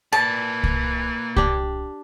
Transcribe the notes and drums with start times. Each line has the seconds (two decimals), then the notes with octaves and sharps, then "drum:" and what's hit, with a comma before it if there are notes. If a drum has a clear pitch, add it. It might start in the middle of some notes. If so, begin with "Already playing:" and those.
0.13 E3 A#3 D5 A5
0.63 drum: kick C2
1.36 D4 G4, drum: kick C2